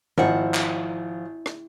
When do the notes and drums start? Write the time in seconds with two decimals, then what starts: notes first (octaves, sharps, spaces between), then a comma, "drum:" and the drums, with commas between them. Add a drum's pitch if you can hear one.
0.18 G#1 F3 E4 F#5
0.54 drum: clap
1.46 drum: rim click